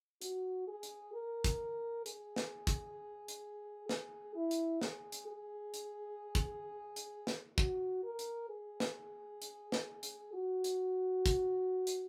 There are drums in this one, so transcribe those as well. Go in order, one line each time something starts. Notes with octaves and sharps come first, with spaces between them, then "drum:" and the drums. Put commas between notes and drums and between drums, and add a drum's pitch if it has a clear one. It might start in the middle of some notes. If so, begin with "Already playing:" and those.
F#4, drum: hi-hat
G#4
drum: hi-hat
A#4
drum: kick, hi-hat
G#4, drum: hi-hat
drum: snare
drum: kick, hi-hat
drum: hi-hat
G#4, drum: snare
E4
drum: hi-hat
G#4, drum: snare
drum: hi-hat
G#4
drum: hi-hat
drum: kick, hi-hat
drum: hi-hat
drum: snare
F#4, drum: kick
A#4
drum: hi-hat
G#4
drum: snare
drum: hi-hat
drum: snare
drum: hi-hat
F#4
drum: hi-hat
drum: kick, hi-hat
drum: hi-hat